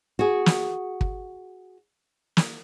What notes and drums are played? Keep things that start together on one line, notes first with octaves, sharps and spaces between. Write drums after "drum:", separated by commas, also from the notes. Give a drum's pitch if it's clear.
F#4 G#4
drum: snare
drum: kick
drum: snare